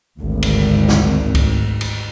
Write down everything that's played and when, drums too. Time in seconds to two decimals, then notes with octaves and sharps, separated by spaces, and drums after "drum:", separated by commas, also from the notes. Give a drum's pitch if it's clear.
0.19 G#1 D2
0.42 drum: cymbal
0.89 drum: snare
1.35 drum: kick C#2, cymbal
1.81 drum: cymbal